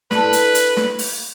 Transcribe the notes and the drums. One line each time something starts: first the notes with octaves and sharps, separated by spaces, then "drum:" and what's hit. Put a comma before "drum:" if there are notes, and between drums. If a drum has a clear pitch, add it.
D4 E4 A4 B4, drum: snare
drum: hi-hat
drum: hi-hat
drum: snare
drum: open hi-hat